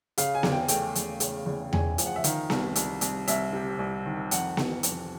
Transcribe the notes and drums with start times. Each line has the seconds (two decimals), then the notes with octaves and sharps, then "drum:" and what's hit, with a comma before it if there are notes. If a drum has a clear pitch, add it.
0.18 C#3 F5, drum: hi-hat
0.35 G#5
0.43 E2, drum: snare B3
0.52 G5
0.68 A3 G5, drum: hi-hat
0.95 E2, drum: hi-hat
1.20 C#3, drum: hi-hat
1.46 E2
1.73 E2 G#5, drum: tom E2
1.98 F3, drum: hi-hat
2.06 F#5
2.16 E5
2.24 D#3 F5, drum: hi-hat
2.50 C2, drum: snare B3
2.75 C2, drum: hi-hat
3.01 C2, drum: hi-hat
3.28 C2 E5, drum: hi-hat
3.53 C3
3.79 C2
4.06 D#3
4.31 F2 F#5, drum: hi-hat
4.57 E3, drum: snare B3
4.83 F2, drum: hi-hat